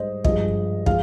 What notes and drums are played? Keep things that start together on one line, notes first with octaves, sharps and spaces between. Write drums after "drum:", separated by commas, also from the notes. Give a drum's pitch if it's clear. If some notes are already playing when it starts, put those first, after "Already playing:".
Already playing: G#2 G3 C5 D#5
G2 F3 G#3 D#5, drum: kick
F3 G#3 F5, drum: kick